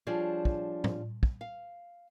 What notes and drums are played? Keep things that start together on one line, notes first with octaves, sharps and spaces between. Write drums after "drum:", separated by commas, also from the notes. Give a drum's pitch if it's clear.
F3 G3 D4 G#4 C#5
drum: kick
drum: tom
drum: kick
F5